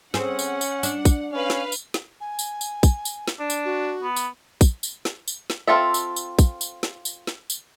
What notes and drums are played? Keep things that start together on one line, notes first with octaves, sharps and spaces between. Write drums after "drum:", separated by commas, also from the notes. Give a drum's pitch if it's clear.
C4 C#4 G#4 F#5, drum: snare
drum: tambourine
drum: tambourine
D4, drum: tambourine
drum: kick, tambourine
C#4 B4 F5
drum: snare
drum: tambourine
drum: snare
G#5
drum: tambourine
drum: tambourine
drum: kick, tambourine
drum: tambourine
drum: snare
D4
drum: tambourine
F#4
B3
drum: tambourine
drum: kick, tambourine
drum: tambourine
drum: snare
drum: tambourine
drum: snare
C4 C#4 F4 A4 E5
drum: tambourine
drum: tambourine
drum: kick, tambourine
drum: tambourine
drum: snare
drum: tambourine
drum: snare
drum: tambourine